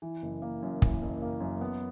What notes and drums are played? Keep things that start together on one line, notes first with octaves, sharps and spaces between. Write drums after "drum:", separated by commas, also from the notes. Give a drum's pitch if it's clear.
E3
F#1
A#3
F#2
E3, drum: kick
F#1
A#3
F#2
B3